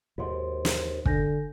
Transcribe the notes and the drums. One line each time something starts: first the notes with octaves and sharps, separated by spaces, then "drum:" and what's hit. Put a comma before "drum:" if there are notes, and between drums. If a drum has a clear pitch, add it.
D#2 G#2 F#4 C6
drum: snare
D3 G#5 G6 A#6, drum: kick